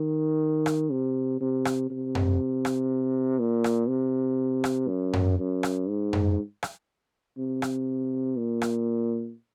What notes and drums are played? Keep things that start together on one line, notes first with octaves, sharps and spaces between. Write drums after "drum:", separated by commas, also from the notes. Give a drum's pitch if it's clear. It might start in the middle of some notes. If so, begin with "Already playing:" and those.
Already playing: D#3
drum: rim click
C3
C3
drum: rim click
C3
drum: tom F#2
drum: rim click
A#2
drum: rim click
C3
drum: rim click
F#2
drum: tom F#2
F#2
drum: rim click
G#2
drum: tom F#2
drum: rim click
C3
drum: rim click
A#2
drum: rim click